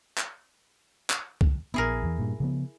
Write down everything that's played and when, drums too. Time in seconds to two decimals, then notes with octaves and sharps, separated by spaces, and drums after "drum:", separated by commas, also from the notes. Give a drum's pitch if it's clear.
0.17 drum: clap
1.10 drum: clap
1.41 drum: kick C2
1.74 A#1 B3 E4 G#4 A#4
2.03 E2 E3
2.19 G2 A#2
2.40 C#3 F3 B3